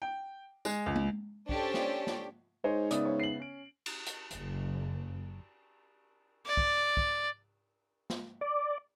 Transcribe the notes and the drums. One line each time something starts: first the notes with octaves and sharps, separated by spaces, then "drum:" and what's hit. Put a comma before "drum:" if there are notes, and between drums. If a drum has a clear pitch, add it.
G5
G#3, drum: tambourine
C#2
drum: tom G#3
C#4 D4 G4 A4 C5 C#5, drum: kick
drum: snare
drum: snare
G#2 C5 C#5 D#5 G#5
C#3 B3 D5 E5 D#6, drum: hi-hat
C#5
C7 F#7
C#4 D7
drum: cymbal
drum: hi-hat
F#1, drum: hi-hat
D5
drum: kick
drum: kick
drum: snare
D5